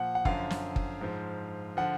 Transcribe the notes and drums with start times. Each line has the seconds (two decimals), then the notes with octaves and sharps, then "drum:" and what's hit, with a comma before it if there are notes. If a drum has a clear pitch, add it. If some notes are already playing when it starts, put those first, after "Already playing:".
Already playing: A#2 F3 F#5
0.15 F#5
0.25 F#2 D3 F3 F5, drum: kick
0.50 drum: snare
0.76 drum: kick
1.01 G#2 F3
1.77 D3 F3 F#5